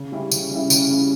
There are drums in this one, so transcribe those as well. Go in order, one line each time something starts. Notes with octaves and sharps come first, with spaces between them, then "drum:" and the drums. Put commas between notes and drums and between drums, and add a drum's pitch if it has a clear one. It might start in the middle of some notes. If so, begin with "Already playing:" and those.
Already playing: C#3
G3 C#4 E4
C#3, drum: tambourine
G3 C#4 E4
C#3, drum: tambourine
G3 C#4 E4